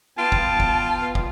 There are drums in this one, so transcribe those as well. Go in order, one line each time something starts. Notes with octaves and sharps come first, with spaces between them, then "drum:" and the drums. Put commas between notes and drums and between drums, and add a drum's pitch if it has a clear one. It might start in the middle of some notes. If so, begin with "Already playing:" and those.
B3 F4 G5 A5 D7
drum: kick
drum: kick
drum: kick